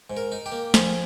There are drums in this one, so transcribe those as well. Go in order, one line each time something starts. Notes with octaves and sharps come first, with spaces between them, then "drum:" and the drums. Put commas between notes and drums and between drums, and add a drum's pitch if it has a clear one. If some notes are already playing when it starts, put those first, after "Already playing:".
G#2
A#4
D#4
G4
A#3
F3 G#4, drum: snare